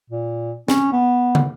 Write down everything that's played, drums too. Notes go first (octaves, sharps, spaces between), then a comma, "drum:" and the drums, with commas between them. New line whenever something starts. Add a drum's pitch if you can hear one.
A#2
C#4, drum: snare
B3
drum: tom